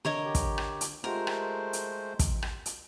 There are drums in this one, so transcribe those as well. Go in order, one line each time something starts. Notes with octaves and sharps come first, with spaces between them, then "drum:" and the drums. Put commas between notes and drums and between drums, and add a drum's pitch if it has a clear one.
D3 A#4 C#5 D#5
G4
drum: kick, hi-hat
drum: rim click
drum: hi-hat
G#3 A3 F4 G4 A#4 C5 F#5
drum: rim click
drum: hi-hat
drum: kick, hi-hat
drum: rim click
drum: hi-hat